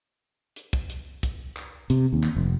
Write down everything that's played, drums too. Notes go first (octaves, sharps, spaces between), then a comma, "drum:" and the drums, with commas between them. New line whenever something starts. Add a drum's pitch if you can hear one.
drum: hi-hat
drum: kick
drum: hi-hat
drum: kick, hi-hat
drum: clap
C3, drum: hi-hat
D#2
drum: clap
F1